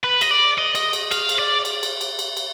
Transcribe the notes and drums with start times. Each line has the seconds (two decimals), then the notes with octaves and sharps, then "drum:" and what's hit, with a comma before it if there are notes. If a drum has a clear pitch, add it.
0.04 B4
0.21 D#5, drum: cymbal
0.31 D5
0.58 D#5
0.75 D#5, drum: cymbal
0.93 drum: cymbal
1.11 F5, drum: cymbal
1.29 drum: cymbal
1.39 D5
1.65 drum: cymbal
1.83 drum: cymbal
2.01 drum: cymbal
2.19 drum: cymbal
2.37 drum: cymbal